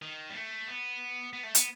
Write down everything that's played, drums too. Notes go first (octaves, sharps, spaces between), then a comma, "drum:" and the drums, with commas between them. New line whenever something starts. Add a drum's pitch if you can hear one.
D#3
G3
A3
B3
B3
A3
B3, drum: hi-hat